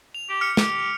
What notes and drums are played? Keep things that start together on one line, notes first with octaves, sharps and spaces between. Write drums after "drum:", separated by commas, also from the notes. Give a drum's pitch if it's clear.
F7
G4
F6 C#7
G4, drum: snare